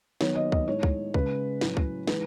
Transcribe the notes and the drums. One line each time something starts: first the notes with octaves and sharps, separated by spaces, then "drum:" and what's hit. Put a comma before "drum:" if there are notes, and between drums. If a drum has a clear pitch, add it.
D#3 F#3 B3 C#5, drum: snare
D#5
D#5, drum: kick C#2
A2 G#3 D#4 C#5
drum: kick C#2
C#3 G#3 C#4 B4, drum: kick C#2
A2 F#3 C#4, drum: snare
drum: kick C#2
E3 G#3 D#4 B4, drum: snare